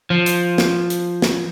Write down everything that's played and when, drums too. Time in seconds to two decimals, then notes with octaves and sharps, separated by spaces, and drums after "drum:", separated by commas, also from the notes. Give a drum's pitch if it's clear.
0.10 F3
0.26 drum: hi-hat
0.58 drum: snare
0.90 drum: hi-hat
1.22 drum: snare